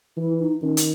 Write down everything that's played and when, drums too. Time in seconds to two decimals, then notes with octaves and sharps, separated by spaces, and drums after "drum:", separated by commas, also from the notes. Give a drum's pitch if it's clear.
0.17 E3 E4
0.40 D#4
0.62 D#3 C#4
0.77 drum: hi-hat